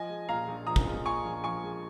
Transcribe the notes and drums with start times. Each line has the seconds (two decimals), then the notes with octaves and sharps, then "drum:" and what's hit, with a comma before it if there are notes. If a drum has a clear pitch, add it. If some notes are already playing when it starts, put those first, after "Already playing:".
Already playing: F3 D#5 G#5
0.09 G#3
0.29 A#2 F5 A#5
0.48 A#1
0.67 F3 A#5 D#6
0.76 drum: kick
0.86 G#3
1.06 A#2 G#5 C#6
1.25 A#1
1.44 F3 G#5 C#6
1.63 G#3